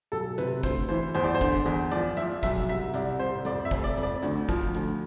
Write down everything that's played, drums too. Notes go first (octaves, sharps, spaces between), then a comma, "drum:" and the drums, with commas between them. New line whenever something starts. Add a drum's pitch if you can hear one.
B1 A4
C3 B4, drum: hi-hat
D2 C5, drum: kick, hi-hat
E3 C5, drum: hi-hat
E2 C5, drum: hi-hat
D5
C5
D3, drum: kick
E2, drum: hi-hat
F3 D5, drum: hi-hat
F3 E5, drum: hi-hat
B1 E5, drum: kick, hi-hat
C2 E5, drum: hi-hat
C2 D5, drum: hi-hat
C2 C5
F2 D5, drum: hi-hat
E5
F1, drum: kick, hi-hat
D5
F2, drum: hi-hat
D5
D2, drum: hi-hat
F3, drum: kick, hi-hat
D2, drum: hi-hat